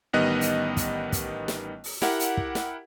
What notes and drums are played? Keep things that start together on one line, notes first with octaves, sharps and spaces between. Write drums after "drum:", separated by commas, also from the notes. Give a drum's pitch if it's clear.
A1 D#3 G3 B3 D#5 F#6
drum: hi-hat
drum: kick, hi-hat
drum: kick, hi-hat
drum: snare
drum: open hi-hat
E4 G4 A#4 F#5, drum: snare
drum: hi-hat
drum: kick
drum: snare